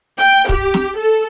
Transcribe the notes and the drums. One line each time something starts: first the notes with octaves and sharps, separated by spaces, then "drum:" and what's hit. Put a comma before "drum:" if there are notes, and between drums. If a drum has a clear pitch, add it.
G5
G4, drum: kick
drum: snare
A4